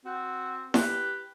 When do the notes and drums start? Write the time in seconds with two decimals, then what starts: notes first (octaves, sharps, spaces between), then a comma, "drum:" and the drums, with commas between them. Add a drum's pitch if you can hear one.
0.05 C4 F#4
0.74 G4 B4, drum: snare E4